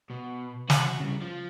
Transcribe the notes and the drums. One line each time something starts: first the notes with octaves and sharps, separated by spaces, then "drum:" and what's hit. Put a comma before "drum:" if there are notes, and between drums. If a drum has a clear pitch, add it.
B2
F#4, drum: snare
C#3 G3
F3